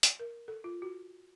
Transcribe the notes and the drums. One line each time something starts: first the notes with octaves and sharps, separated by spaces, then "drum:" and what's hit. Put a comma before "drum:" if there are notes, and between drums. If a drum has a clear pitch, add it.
drum: hi-hat
A#4
A4
F4
F#4